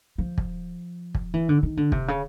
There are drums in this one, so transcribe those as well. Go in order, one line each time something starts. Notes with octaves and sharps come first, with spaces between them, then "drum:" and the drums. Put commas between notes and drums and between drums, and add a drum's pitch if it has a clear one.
F3
drum: kick
drum: kick
E3
D3
D#3
D3
C3, drum: kick
C#3